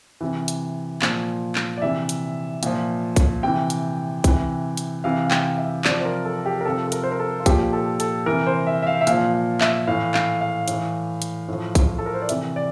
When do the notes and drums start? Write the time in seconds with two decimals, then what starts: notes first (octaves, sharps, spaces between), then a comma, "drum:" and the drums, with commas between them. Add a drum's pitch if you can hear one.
0.21 C3 E3
0.48 drum: hi-hat
1.02 A#2 F3, drum: clap
1.55 drum: clap
1.77 D5
1.82 C3 E3 E5
2.09 drum: hi-hat
2.63 A#2 F3, drum: hi-hat
3.16 drum: kick, hi-hat
3.43 C3 E3 G5
3.70 drum: hi-hat
4.24 C3 E3, drum: kick, hi-hat
4.77 drum: hi-hat
5.04 C3 E3 F5
5.26 F5
5.31 G5, drum: clap
5.58 E5
5.85 C3 F3 D5, drum: clap
6.00 C5
6.05 A#4
6.25 A4
6.46 G4
6.61 A#4
6.65 C3 F3 A4
6.88 A4
6.92 A#4, drum: hi-hat
7.04 C5
7.12 A#4
7.19 A4
7.40 F4
7.46 A#2 F3 G4, drum: kick, hi-hat
7.73 A4
8.00 A4, drum: hi-hat
8.26 C3 E3 A#4
8.47 C5
8.67 E5
8.82 E5
8.87 F5
9.01 E5
9.07 A#2 F3 F5, drum: hi-hat
9.34 F5
9.61 E5, drum: clap
9.87 A2 E3 F5
10.14 F5, drum: clap
10.41 F5
10.68 A2 E3, drum: hi-hat
11.22 drum: hi-hat
11.48 A2 F3
11.75 drum: kick, hi-hat
11.98 A4
12.06 A#4
12.14 C5
12.22 D5
12.29 C3 E3 E5, drum: hi-hat
12.56 D5